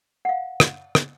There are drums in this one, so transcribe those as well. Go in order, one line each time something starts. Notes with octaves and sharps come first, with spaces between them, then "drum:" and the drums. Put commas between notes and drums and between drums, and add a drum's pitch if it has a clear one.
F5 F#5
drum: rim click
drum: rim click